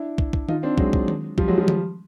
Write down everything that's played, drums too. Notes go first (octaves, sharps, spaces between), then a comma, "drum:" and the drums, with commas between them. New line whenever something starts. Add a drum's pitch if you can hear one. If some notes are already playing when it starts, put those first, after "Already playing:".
Already playing: D4 E4
drum: kick
drum: kick
D#4 F4, drum: tom D#3
C4 D4
F#3 G#3, drum: kick
drum: kick
drum: tom D#3
F3 G3, drum: kick
F#3 G#3
F3 G3
drum: tom D#3